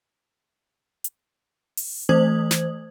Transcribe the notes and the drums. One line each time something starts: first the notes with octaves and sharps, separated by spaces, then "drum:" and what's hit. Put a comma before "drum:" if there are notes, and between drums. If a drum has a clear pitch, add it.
drum: hi-hat
drum: open hi-hat
E3 A3 C5 D#6 G#6 F#7, drum: tom C4
drum: snare